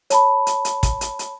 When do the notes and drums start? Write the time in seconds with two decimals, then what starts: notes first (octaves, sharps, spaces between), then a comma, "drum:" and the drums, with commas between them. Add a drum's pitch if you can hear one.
0.10 C#5 A5 B5, drum: hi-hat
0.47 drum: hi-hat
0.65 drum: hi-hat
0.83 drum: kick, hi-hat
1.01 drum: hi-hat
1.19 drum: hi-hat